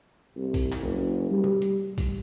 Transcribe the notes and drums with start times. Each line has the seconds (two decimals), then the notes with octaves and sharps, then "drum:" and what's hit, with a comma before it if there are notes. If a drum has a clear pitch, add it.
0.36 C2
0.54 drum: kick A#1, open hi-hat
0.72 drum: clap
0.82 F#1
1.31 G3
1.44 drum: tom
1.62 drum: hi-hat
1.98 drum: kick A#1, open hi-hat